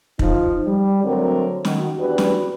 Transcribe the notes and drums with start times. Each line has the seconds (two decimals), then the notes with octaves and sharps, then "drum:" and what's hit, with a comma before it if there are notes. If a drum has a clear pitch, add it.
0.19 F3 D#4, drum: kick
0.66 G3
1.04 D3 F#3 A3 C4 A#4
1.65 D#3 F#4, drum: snare
1.99 E2 D4 F#4 G4 B4
2.18 drum: snare